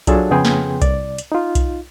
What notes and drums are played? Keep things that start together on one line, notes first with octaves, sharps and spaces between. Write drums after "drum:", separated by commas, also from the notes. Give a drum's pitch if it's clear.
F#3 D4 F4 G#4 A4 A5, drum: kick B1, hi-hat
F2 C#3 B3 G#4 G5 C6
drum: snare
C2 D5, drum: kick B1, hi-hat
drum: hi-hat
D#4 F4
drum: kick B1, hi-hat